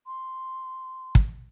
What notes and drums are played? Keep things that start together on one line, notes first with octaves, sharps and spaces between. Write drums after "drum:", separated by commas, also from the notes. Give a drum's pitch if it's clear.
C6
drum: kick